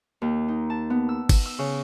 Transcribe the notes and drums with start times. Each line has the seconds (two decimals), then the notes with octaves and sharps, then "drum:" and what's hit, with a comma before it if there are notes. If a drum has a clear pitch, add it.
0.22 D#2
0.48 D#4
0.70 A5
0.90 B3
1.09 E6
1.29 drum: kick G1, cymbal
1.46 E6
1.59 C#3